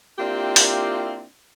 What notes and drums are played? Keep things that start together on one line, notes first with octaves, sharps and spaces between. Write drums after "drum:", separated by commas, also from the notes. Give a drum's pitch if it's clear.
A#3 C4 D4 E4 F4 G4
drum: open hi-hat